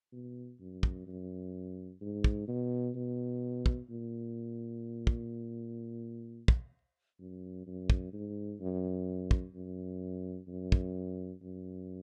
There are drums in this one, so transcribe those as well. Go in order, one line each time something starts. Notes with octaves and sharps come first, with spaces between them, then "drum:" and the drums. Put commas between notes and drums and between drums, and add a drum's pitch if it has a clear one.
B2
F#2
drum: kick
F#2
G#2
drum: kick
B2
B2
drum: kick
A#2
drum: kick
drum: kick
F#2
F#2
drum: kick
G#2
F#2
drum: kick
F#2
F#2
drum: kick
F#2